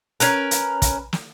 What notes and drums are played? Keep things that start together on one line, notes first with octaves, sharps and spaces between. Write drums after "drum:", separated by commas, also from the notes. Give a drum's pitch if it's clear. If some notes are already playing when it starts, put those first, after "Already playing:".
C#4 A#4 B4, drum: hi-hat
drum: hi-hat
drum: kick, hi-hat
drum: snare